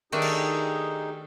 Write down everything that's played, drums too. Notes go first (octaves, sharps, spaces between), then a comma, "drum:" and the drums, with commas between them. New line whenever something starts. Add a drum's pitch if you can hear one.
D#3 A3 D4 D#4 G4 G#4
drum: cymbal